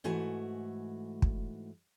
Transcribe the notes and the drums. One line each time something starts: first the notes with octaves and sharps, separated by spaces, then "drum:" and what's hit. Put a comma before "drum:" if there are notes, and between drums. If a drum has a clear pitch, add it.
G#2 E3 A3 F#4 G#5
drum: kick